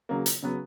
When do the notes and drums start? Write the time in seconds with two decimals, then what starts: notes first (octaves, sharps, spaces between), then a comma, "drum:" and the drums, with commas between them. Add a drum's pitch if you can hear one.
0.09 C#3 F#3 A#3
0.26 drum: hi-hat
0.43 C#3 F#3 B3